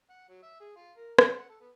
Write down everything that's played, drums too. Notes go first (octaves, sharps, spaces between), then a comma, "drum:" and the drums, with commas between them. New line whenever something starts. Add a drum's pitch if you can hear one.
F#5
F#3
E5
G#4
F4
A#4
A3, drum: rim click
F#5
A4
B3